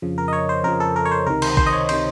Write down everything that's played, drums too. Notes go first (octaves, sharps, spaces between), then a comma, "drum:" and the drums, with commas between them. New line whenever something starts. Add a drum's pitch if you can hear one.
F2 C#3 F3
A#4
D#5
C#5
C5
F2 C#3 F3 A#4
A4
A#4
C#5
C5
C#2 C3 D#3 A#4
C5, drum: cymbal
C5, drum: kick A1
D#5
C#5
C3 D#3 C5, drum: cymbal